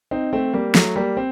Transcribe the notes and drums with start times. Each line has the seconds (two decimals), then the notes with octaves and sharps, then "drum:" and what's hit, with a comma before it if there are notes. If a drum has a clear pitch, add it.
0.11 C4 D#4
0.33 A3 C4
0.53 G3 A#3
0.75 F#3 A3, drum: snare
0.96 G3 A#3
1.17 C4